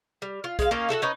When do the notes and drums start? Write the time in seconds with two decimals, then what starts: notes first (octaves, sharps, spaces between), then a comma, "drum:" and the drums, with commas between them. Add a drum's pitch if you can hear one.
0.22 G3
0.44 F4
0.59 G#3 F5, drum: kick, hi-hat
0.71 A#3 C#4 D#4 F4
0.89 F#4 G#4 A4 E5
1.02 C#4 D#4 B4